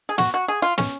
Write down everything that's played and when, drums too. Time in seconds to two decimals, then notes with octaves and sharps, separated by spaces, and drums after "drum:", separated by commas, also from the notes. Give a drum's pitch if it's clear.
0.09 G#4
0.18 F#4, drum: snare
0.34 F#4
0.48 G#4
0.62 F4
0.78 C#4, drum: snare